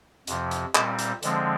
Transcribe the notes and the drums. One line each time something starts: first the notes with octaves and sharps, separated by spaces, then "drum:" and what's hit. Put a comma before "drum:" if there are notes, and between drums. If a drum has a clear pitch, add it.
F2 C3 F3, drum: hi-hat
drum: hi-hat
A#2 G3 C4, drum: clap
drum: hi-hat
D3 F3 G#3 C4, drum: hi-hat